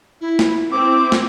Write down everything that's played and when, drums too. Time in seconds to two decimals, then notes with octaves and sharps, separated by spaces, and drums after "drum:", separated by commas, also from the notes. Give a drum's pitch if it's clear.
0.21 E4
0.39 drum: snare
0.72 C4 E4 D6
1.12 drum: snare